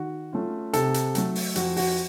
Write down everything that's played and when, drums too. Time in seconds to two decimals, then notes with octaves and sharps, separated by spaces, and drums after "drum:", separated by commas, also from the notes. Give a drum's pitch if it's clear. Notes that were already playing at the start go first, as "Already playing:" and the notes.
Already playing: D#3 F#4
0.33 A3 C#4 F4
0.73 C3 A4, drum: hi-hat
0.94 drum: hi-hat
1.15 F#3 A3, drum: hi-hat
1.35 drum: open hi-hat
1.55 F2 F#4, drum: hi-hat
1.77 F#4, drum: open hi-hat